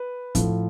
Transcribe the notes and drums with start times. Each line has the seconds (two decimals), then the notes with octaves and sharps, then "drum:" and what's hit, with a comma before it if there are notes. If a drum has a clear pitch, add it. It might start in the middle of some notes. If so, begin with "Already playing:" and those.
Already playing: B4
0.35 A2 F3, drum: kick, hi-hat